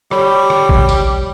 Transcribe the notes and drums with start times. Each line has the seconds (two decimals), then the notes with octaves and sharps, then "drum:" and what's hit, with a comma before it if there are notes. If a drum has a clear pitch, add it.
0.11 G3 C#5 B5, drum: rim click
0.50 drum: rim click
0.69 drum: kick A1
0.89 drum: tambourine